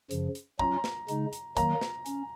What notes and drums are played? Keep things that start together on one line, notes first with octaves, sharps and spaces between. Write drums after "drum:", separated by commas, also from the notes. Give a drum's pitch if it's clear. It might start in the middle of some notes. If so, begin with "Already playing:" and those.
F#2 C#3 F3, drum: hi-hat
drum: hi-hat
F#3 C#4 F4 A#5, drum: kick
drum: snare
C#3 G#3 D#4, drum: hi-hat
drum: hi-hat
D#3 F#3 A#3 A#5, drum: kick, hi-hat
drum: snare
C#4, drum: hi-hat